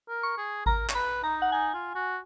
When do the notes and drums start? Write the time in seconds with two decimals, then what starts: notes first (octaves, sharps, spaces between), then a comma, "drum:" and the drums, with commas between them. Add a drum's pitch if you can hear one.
0.09 A#4
0.23 C#6
0.38 G#4
0.66 A#4 A#5, drum: kick G#1
0.89 C#5, drum: clap
0.95 B4 B5
1.23 D#4 A#5
1.42 F#5
1.52 D#4 G#5
1.74 F4
1.95 F#4